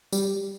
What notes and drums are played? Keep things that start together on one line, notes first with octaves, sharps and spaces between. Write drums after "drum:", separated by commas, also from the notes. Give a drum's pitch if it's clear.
G3, drum: tambourine